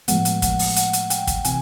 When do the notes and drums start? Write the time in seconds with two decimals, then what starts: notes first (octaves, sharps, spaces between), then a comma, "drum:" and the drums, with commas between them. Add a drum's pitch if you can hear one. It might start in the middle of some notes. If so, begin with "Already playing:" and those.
0.08 A2 F3 G#3 B3 F#5, drum: hi-hat
0.25 drum: hi-hat
0.42 F#5, drum: kick, hi-hat
0.59 drum: open hi-hat
0.76 F#5, drum: hi-hat
0.93 drum: hi-hat
1.10 G5, drum: hi-hat
1.27 drum: kick, hi-hat
1.45 C3 E3 G#5, drum: hi-hat